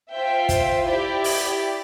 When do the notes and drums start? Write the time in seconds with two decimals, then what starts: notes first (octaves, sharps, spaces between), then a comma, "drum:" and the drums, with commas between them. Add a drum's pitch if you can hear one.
0.11 F4 C5 E5 G5
0.49 drum: kick, hi-hat
0.86 E4 G4 D5
1.24 drum: open hi-hat